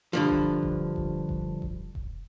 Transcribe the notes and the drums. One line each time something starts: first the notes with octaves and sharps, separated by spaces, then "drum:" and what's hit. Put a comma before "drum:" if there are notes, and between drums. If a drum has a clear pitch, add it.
G2 D3 F3
drum: kick E1
drum: kick E1
drum: kick E1
drum: kick E1
drum: kick E1
drum: kick E1